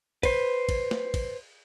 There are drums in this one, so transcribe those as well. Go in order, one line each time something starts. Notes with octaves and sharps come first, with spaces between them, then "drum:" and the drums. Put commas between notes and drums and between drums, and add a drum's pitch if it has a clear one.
B4 C5, drum: kick, cymbal
drum: kick, cymbal
drum: snare
drum: kick, cymbal